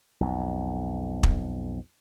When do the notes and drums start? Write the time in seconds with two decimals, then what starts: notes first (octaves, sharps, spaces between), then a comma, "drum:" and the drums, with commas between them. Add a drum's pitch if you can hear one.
0.21 B1 F2
1.23 drum: kick